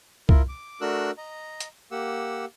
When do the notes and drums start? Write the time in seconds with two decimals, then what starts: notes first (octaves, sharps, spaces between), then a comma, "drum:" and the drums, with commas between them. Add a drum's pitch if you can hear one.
0.29 E4 F4 A#4, drum: kick
0.49 D6
0.81 A3 D4 F#4 A#4 E6 F#6
1.18 D#5 A#5
1.60 drum: hi-hat
1.91 A#3 G4 F#5 E6